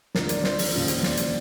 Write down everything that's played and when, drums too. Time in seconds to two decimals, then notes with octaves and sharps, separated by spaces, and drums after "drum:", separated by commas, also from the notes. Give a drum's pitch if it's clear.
0.15 D2 D3 F3 A#4, drum: snare
0.29 D5, drum: hi-hat
0.44 C5, drum: snare
0.59 drum: open hi-hat
0.74 D#2 C#3 F3
0.88 drum: hi-hat
1.03 D5, drum: snare
1.17 drum: hi-hat